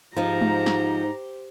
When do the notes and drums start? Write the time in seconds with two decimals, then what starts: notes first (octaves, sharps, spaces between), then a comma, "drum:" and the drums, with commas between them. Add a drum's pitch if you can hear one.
0.16 G#2 F3 D#4 G4 C5 A#5
0.41 drum: tom G#3
0.66 drum: snare